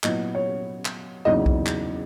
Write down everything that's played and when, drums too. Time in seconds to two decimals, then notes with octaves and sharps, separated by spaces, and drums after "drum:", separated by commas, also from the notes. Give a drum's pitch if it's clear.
0.04 A#2 F#3 B3 E4 D#5, drum: clap
0.35 C#5
0.85 drum: clap
1.25 E2 C#3 F#3 A#3 D#4 D#5
1.46 drum: kick B1
1.66 drum: clap